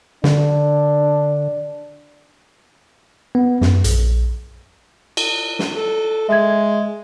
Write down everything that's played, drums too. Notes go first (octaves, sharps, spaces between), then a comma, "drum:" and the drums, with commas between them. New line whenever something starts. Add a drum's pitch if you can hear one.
D3 D4, drum: snare
B3
F#2, drum: snare
A#1, drum: hi-hat
drum: cymbal
drum: snare
A4
G#3 E5 G#6